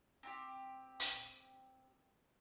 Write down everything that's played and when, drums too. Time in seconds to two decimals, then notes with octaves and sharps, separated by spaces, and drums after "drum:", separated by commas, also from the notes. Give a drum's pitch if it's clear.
0.23 C4 E4 G4
1.00 drum: hi-hat